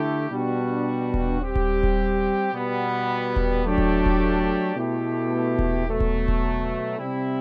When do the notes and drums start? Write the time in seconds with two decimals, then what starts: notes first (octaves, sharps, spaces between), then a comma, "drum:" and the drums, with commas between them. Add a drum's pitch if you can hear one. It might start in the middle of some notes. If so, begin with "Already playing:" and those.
Already playing: D3 A3 E4 G4
0.30 B2 G3 D4 F#4
1.14 drum: kick D#1
1.42 G3 C4 G4
1.56 drum: kick D#1
1.83 drum: kick D#1
2.53 B2 G3 B3
3.36 drum: kick D#1
3.64 F#3 A3 D4 G4
3.78 drum: kick D#1
4.06 drum: kick D#1
4.75 B2 A3 E4 G4
5.59 drum: kick D#1
5.87 B2 F#3 A3
6.00 drum: kick D#1
6.28 drum: kick D#1
6.98 C3 G3 C4 E4